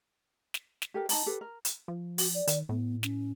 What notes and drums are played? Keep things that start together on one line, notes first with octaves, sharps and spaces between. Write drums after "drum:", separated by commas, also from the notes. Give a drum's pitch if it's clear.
drum: snare
drum: snare
G4 A4 A#4
D#4 A5 A#5, drum: open hi-hat
G4 A4 B4
A#4
drum: hi-hat
F3
F#4, drum: open hi-hat
D5
D#3, drum: hi-hat
A2 B3
C#4, drum: snare